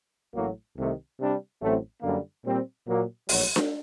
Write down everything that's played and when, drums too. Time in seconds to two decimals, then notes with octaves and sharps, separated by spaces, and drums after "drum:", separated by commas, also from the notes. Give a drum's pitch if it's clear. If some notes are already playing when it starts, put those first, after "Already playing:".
0.34 A1 A2 F#3 A#3 F#4
0.76 C2 C3 D#3 A3
1.18 C3 G3 D4
1.60 A1 A2 F#3 A3 C4
2.02 F#2 D3 G3 A#3
2.44 A#2 G3 C4
2.87 A#2 F#3 A#3
3.29 A#1 A2 F#3, drum: open hi-hat
3.56 drum: snare D4